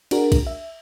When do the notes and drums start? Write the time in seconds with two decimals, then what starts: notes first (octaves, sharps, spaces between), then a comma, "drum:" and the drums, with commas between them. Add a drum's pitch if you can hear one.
0.11 D4 F#4 G#4 A#4, drum: cymbal
0.32 drum: kick, cymbal
0.47 E5